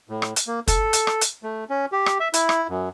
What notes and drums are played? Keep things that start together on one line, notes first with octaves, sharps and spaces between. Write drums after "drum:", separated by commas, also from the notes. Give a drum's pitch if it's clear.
A2
drum: rim click
drum: hi-hat
A#3
A4, drum: kick, hi-hat
drum: hi-hat
drum: rim click
drum: hi-hat
A3
C#4
G4
drum: rim click
E5
E4, drum: hi-hat
drum: rim click
F#2